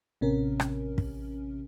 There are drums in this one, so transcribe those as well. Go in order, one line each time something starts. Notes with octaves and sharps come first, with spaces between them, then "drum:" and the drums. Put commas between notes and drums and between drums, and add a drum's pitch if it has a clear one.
A1 C3 C#4 A#4
drum: rim click
drum: kick